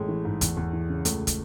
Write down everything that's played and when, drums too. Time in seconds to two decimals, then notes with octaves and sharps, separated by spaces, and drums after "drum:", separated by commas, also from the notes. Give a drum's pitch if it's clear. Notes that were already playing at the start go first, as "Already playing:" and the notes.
Already playing: A1 G#3 A3
0.08 E3
0.25 G#2
0.41 E2, drum: kick, hi-hat
0.57 E2
0.73 E3
0.89 C#3
1.05 C#2 A3, drum: hi-hat
1.27 drum: kick, hi-hat